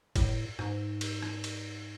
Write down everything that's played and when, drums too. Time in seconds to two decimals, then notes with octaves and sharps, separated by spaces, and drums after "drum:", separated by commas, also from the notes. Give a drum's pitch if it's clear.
0.16 A2, drum: kick, cymbal
0.59 G#2, drum: rim click
1.01 drum: cymbal
1.22 drum: rim click
1.44 drum: cymbal